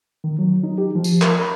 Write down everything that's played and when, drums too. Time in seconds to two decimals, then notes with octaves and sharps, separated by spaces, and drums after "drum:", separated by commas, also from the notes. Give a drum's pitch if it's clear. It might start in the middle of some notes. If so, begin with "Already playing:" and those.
0.24 D#3
0.39 F#3
0.63 D#4
0.78 G4
0.95 F3
1.04 drum: tambourine
1.22 A#4, drum: clap
1.41 B5